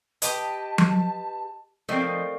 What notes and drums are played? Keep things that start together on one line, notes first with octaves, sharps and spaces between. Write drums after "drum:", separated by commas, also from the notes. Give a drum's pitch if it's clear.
G4 B4 D#5 A5, drum: hi-hat
drum: tom F#3
F3 A3 A#3 C4 D#4 D5